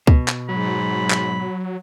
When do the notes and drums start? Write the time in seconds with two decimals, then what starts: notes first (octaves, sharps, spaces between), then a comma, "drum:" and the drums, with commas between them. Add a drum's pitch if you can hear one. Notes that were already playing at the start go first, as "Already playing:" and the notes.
0.07 B2, drum: kick
0.28 drum: clap
0.49 G#2 F#3 B5
1.10 drum: clap